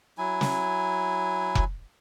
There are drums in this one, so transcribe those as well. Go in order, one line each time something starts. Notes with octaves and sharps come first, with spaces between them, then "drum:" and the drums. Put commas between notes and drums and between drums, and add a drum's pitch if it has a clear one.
F#3 E4 G#5
drum: snare
drum: kick F1